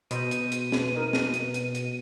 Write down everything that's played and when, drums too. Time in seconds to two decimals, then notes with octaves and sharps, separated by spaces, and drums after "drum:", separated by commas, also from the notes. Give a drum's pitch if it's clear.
0.11 B2 B4 C5 D#5 B5 D#7, drum: hi-hat
0.31 drum: hi-hat
0.52 drum: hi-hat
0.72 drum: snare
0.96 D#4 A#4 D#5
1.13 drum: snare
1.34 drum: hi-hat
1.54 drum: hi-hat
1.75 drum: hi-hat